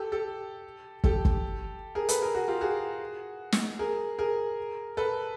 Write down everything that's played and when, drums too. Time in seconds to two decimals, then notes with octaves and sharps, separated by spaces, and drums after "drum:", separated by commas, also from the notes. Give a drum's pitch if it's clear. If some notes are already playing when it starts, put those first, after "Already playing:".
Already playing: G4 A4
0.12 G4 A4
1.04 G4 A4, drum: kick
1.25 drum: kick
1.95 G#4 A#4
2.09 A4 B4, drum: hi-hat
2.22 G#4 A#4
2.34 F#4 G#4
2.48 F4 G4
2.61 F#4 G#4
3.52 drum: snare
3.79 G#4 A#4
4.19 G#4 A#4
4.97 A4 B4